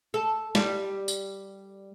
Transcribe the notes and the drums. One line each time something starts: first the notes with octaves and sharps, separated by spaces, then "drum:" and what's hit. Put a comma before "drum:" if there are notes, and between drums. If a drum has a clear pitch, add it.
A4
G3, drum: snare
drum: tambourine